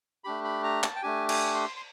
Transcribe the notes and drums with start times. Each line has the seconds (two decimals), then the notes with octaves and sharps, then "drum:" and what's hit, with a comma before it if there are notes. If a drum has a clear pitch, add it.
0.24 A3 D4 G4 B5
0.44 B5
0.64 A#5
0.83 A5, drum: clap
0.96 G5
1.03 A3 D4 G4 G#5
1.29 G#5, drum: cymbal
1.55 C6
1.76 C6